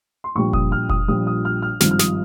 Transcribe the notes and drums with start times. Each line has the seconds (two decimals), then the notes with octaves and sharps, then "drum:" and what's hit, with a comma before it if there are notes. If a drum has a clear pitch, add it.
0.24 C6
0.35 A#1 A#2 G3 C#6
0.53 D#6, drum: kick F1
0.72 F6
0.89 D#6, drum: kick F1
1.08 A#1 A#2 G3 D#6
1.27 D#6
1.45 F6
1.62 F6
1.80 G#1 G2 F3 F6, drum: snare
1.91 F6
1.99 D#6, drum: snare